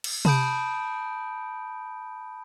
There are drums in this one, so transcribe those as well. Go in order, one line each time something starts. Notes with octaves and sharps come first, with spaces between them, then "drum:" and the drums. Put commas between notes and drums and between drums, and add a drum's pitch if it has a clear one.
drum: cymbal
A5 B5 D#6 G6 D7, drum: tom C3